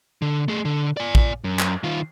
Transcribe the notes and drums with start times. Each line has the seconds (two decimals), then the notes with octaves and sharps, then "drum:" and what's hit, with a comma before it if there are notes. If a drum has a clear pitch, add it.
0.22 D3
0.48 A3 G#4
0.65 D3
0.97 D5 G#5
1.15 drum: kick
1.44 F#2
1.59 drum: clap
1.84 D#3 F4